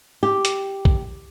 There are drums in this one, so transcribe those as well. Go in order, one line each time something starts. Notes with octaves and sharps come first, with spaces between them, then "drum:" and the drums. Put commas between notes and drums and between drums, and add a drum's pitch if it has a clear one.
G4
drum: hi-hat
drum: kick B1